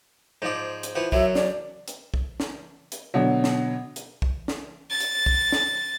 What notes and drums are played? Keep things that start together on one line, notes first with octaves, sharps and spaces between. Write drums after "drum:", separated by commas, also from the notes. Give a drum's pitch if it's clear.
G#2 F3 D5
drum: hi-hat
E3 F3 F#5
F#2 F#3 E5, drum: kick
D5, drum: snare
drum: hi-hat
drum: kick
drum: snare
drum: hi-hat
B2 D3 F#3
drum: snare
drum: hi-hat
drum: kick
drum: snare
A6
drum: hi-hat
drum: kick
drum: snare